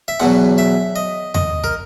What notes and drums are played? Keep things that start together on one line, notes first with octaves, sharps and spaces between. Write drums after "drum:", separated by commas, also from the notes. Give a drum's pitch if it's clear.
E5
E2 B2 F#3 F#5
E5
D#5
D#5, drum: tom E2
A#4, drum: kick